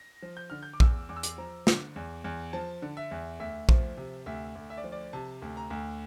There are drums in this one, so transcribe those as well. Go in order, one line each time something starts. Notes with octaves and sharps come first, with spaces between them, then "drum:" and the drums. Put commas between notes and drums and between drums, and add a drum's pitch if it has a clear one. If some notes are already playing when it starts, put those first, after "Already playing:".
Already playing: A#6
F3
G6
D3 F6
G6
D6
E2 E6, drum: kick
E2 D6
E6
D6, drum: hi-hat
F3 A#5
D3, drum: snare
E2
E2
F3 A5
D3
E5
E2
D2 E5
F3, drum: kick
C3
D2 E5
D2
E5
D5
F3
D5
C3 A5
D2
A#5
D2